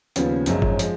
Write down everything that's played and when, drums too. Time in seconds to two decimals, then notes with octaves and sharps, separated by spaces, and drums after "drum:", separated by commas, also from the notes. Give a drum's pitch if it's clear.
0.16 D#2 C#3 F3 B3 F4, drum: hi-hat
0.46 G#1 F#2 F3 G#3 C#4, drum: hi-hat
0.62 drum: kick G1
0.79 F3 G#3, drum: hi-hat